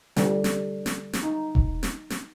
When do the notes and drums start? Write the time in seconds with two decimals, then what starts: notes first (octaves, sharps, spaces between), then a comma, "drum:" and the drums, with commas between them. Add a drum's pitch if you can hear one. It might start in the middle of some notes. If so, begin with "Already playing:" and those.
0.16 D3 G3, drum: snare
0.44 drum: snare
0.86 drum: snare
1.13 drum: snare
1.23 D#4
1.55 drum: kick E1
1.83 drum: snare
2.10 drum: snare